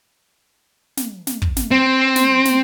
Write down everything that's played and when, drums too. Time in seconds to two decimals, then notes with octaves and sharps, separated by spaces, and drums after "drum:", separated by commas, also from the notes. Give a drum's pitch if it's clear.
0.97 drum: snare
1.27 drum: snare
1.42 drum: kick
1.56 drum: snare
1.71 C4
2.16 drum: snare
2.45 drum: snare